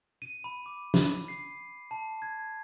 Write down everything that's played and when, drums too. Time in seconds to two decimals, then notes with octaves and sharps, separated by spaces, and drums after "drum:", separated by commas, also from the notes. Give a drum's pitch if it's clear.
0.22 D#7
0.44 B5
0.66 D6
0.94 B5, drum: snare
1.28 C7
1.91 A5
2.22 G#6